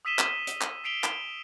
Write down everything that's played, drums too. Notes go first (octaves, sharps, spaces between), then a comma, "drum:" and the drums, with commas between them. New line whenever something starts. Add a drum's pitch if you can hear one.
D#6 E6 B6 D#7 E7 G7
drum: clap
drum: hi-hat
drum: clap
B6 C7 D7 F7 G7
drum: clap